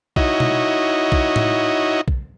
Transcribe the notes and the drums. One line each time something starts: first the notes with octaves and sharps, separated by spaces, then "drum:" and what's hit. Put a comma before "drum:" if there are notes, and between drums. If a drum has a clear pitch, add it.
D#4 E4 F#4 C#5 D#5, drum: kick A#1
drum: tom B2
drum: kick A#1
drum: tom A2
drum: kick A#1